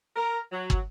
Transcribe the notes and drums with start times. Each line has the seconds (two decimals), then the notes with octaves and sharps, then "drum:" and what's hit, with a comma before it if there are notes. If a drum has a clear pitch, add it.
0.15 A#4
0.52 F#3
0.70 drum: kick